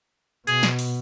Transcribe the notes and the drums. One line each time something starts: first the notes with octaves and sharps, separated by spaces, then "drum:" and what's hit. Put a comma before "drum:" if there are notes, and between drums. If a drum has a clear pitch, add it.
B2 G#4, drum: hi-hat
drum: snare
drum: open hi-hat